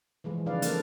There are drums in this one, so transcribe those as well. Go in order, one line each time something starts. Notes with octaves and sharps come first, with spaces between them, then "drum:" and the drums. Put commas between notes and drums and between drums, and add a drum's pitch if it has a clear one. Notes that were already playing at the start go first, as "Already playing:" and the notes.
E3 F3 G#3
C#3 F3 D#4 B4 D5 F5
A#3 D4 A4 A#4, drum: hi-hat